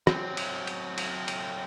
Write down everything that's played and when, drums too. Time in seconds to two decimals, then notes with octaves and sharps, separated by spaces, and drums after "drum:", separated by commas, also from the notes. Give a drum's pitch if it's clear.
0.07 F#3 C4, drum: rim click
0.37 drum: cymbal
0.67 drum: cymbal
0.98 drum: cymbal
1.28 drum: cymbal